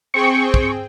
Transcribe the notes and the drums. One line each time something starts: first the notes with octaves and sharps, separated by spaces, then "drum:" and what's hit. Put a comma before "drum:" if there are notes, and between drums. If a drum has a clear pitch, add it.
C4 G#4 G5 C#6
drum: kick